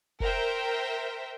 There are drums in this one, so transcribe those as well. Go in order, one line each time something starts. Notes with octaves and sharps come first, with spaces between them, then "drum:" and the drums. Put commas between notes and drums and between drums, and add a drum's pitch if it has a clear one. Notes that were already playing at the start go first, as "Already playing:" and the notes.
A#4 C5 E5 G5, drum: kick